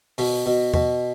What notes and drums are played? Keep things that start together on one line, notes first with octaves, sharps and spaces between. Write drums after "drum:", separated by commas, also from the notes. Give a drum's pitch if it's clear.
B2, drum: open hi-hat
B2
B2, drum: tom E2